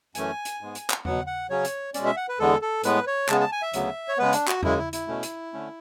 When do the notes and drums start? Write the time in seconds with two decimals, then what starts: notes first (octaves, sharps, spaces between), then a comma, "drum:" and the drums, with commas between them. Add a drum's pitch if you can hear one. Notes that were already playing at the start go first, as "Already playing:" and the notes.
0.15 F#2 E3 A3 C#4 G#5, drum: hi-hat
0.45 drum: hi-hat
0.61 G#2 G#3 B3
0.75 drum: hi-hat
0.90 drum: clap
1.05 B2 F#3 B3 F#5, drum: tom E2
1.27 F#5
1.50 C#3 F#3 C#4 C#5
1.65 drum: hi-hat
1.94 B2 G#3 C#4 D5, drum: hi-hat
2.06 E5
2.16 F#5
2.29 B4
2.39 E2 D3 G#3 B3 A4
2.62 A4
2.84 A2 G#3 B3 B4, drum: hi-hat
3.07 C#5
3.29 C#3 G#3 B3 A5, drum: clap
3.40 A5
3.52 G#5
3.62 E5
3.73 D2 C#3 F#3 B3, drum: hi-hat
4.08 C#5
4.18 C#3 G#3 B3 B4
4.33 D4, drum: hi-hat
4.48 F#4, drum: clap
4.63 F#2 C#3 G#3 E4, drum: tom E2
4.78 E4
4.93 E4, drum: hi-hat
5.07 B2 A3 C#4
5.23 drum: hi-hat
5.53 D3 A3 C#4